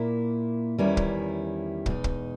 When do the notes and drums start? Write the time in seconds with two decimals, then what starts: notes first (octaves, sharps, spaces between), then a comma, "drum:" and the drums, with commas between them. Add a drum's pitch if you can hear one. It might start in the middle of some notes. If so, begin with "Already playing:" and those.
Already playing: A#2 A#3 E4
0.79 E2 D#3 G3 C#4 E4
0.97 drum: kick
1.86 E2 B2 G#3 D#4, drum: kick
2.04 drum: kick